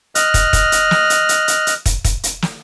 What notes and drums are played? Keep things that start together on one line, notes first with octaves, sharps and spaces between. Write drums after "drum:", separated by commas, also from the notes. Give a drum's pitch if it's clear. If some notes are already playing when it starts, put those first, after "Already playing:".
D#5 F6 F#6, drum: hi-hat
drum: kick, hi-hat
drum: kick, hi-hat
drum: hi-hat
drum: snare
drum: hi-hat
drum: hi-hat
drum: hi-hat
drum: hi-hat
drum: kick, hi-hat
drum: kick, hi-hat
drum: hi-hat
drum: snare